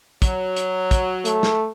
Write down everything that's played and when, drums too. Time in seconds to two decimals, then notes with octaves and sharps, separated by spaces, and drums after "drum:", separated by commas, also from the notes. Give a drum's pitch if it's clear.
0.22 F#3, drum: kick, hi-hat
0.56 drum: hi-hat
0.91 drum: kick, hi-hat
1.25 A3, drum: hi-hat
1.43 drum: snare